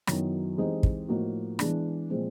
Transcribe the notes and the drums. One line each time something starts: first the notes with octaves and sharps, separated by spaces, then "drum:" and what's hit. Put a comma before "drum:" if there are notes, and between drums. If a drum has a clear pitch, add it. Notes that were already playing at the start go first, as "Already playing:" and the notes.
F#2 D#3 F#3 B3 E4, drum: rim click
E3 G#3 C4 D#4 G4
drum: kick
A2 F3 A#3 D#4 F#4
E3 G#3 B3 D4, drum: rim click
A#2 F3 G#3 C4